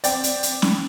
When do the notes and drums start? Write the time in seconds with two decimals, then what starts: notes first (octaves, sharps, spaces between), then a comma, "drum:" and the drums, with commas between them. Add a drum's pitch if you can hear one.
0.04 C4 D5 G5, drum: hi-hat
0.24 C4, drum: hi-hat
0.43 drum: hi-hat
0.62 drum: snare C#4